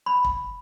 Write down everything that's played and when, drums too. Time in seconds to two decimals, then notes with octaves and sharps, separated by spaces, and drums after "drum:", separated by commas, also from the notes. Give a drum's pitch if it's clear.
0.06 B5
0.24 drum: kick